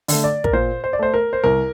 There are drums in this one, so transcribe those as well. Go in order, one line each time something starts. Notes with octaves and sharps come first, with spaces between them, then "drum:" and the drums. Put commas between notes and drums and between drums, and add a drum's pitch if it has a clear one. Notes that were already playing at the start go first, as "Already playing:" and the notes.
D3 A3, drum: open hi-hat
D5
A#4, drum: kick
A#2 C5
C5
D5
A3 C5
A#4
C5
C2 A#4